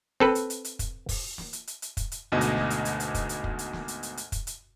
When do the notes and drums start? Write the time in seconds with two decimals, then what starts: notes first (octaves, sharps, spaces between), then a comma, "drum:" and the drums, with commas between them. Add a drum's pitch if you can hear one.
0.20 C4 A4 B4, drum: snare
0.35 drum: hi-hat
0.50 drum: hi-hat
0.65 drum: hi-hat
0.79 drum: kick, hi-hat
1.09 drum: kick, open hi-hat
1.38 drum: snare
1.53 drum: hi-hat
1.67 drum: hi-hat
1.82 drum: hi-hat
1.97 drum: kick, hi-hat
2.12 drum: hi-hat
2.32 D2 G#2 B2 D#5
2.41 drum: hi-hat
2.56 drum: snare
2.70 drum: hi-hat
2.85 drum: hi-hat
3.00 drum: hi-hat
3.14 drum: kick, hi-hat
3.29 drum: hi-hat
3.44 drum: kick
3.59 drum: hi-hat
3.73 drum: snare
3.88 drum: hi-hat
4.03 drum: hi-hat
4.17 drum: hi-hat
4.32 drum: kick, hi-hat
4.47 drum: hi-hat